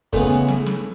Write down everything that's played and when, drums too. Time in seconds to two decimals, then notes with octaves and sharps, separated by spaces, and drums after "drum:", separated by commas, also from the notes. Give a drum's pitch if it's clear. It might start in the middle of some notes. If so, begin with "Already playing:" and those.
0.13 C#3 E3 G#3 A3 B3, drum: kick
0.48 drum: snare
0.66 drum: snare